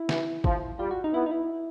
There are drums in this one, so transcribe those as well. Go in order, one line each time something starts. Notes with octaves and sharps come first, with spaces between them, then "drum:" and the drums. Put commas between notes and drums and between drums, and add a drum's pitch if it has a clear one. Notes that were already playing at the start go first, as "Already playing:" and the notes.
Already playing: E4
E3, drum: snare
F3, drum: kick
G3 F4
F#4
D#4
B3 E4
D#4
E4